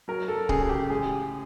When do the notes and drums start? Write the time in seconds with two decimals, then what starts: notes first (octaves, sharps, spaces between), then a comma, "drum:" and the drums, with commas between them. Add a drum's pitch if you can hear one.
0.08 F#3 A#4
0.28 A4
0.49 C#3 G#4, drum: kick C#1
0.63 G#4
0.69 G4
0.90 A1 G#4